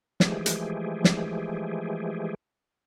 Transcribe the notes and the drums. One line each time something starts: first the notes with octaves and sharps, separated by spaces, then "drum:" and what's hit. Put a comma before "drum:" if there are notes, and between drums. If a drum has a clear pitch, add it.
E3 F3 G#3 A3 G4 G#4, drum: snare
drum: hi-hat
drum: snare